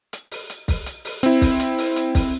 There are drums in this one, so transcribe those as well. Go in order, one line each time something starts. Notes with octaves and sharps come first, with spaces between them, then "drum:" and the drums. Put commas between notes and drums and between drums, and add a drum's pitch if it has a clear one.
drum: hi-hat
drum: open hi-hat
drum: hi-hat
drum: kick, open hi-hat
drum: hi-hat
drum: open hi-hat
C4 E4, drum: hi-hat
drum: kick, open hi-hat
drum: hi-hat
drum: open hi-hat
drum: hi-hat
drum: kick, open hi-hat